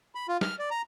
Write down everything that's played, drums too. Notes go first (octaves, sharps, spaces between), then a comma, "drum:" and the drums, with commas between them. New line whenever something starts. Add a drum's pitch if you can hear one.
B5
F4
F6, drum: snare
D5
A#5